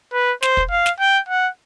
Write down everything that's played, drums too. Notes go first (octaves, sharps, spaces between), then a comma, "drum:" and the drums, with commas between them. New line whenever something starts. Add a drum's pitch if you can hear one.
B4
C5, drum: snare
drum: kick
F5
drum: snare
G5
F#5